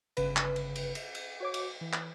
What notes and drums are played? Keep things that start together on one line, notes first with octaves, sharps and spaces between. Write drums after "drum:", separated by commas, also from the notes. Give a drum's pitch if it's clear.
G1 C#3 B4, drum: cymbal
drum: clap
drum: cymbal
drum: cymbal
drum: cymbal
drum: cymbal
F#4 C#5 D6
drum: cymbal
E3
drum: clap